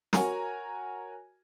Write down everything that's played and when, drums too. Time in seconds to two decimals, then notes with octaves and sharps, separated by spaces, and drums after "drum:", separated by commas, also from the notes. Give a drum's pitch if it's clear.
0.13 F#4 A#4 C#5 G#5 A#5, drum: snare